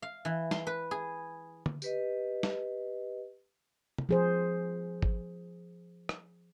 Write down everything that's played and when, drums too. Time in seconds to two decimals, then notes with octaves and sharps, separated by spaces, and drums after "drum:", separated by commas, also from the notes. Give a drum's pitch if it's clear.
0.02 F5
0.25 E3
0.51 C6, drum: snare
0.67 B4
0.91 G#4
1.66 drum: tom D3
1.82 G4 B4 D#5, drum: tambourine
2.43 drum: snare
3.98 drum: tom
4.09 F3 G#4 C5
5.02 drum: kick G#1
6.09 drum: rim click